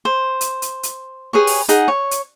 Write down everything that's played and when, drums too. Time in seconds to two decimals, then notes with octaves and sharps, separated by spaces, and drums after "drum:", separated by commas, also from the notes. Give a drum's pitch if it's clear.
0.05 C5
0.41 drum: hi-hat
0.62 drum: hi-hat
0.83 drum: hi-hat
1.33 G4 G#4 B4 C#5
1.47 drum: open hi-hat
1.69 D#4 G#4 F#5, drum: hi-hat
1.88 C#5
2.11 drum: hi-hat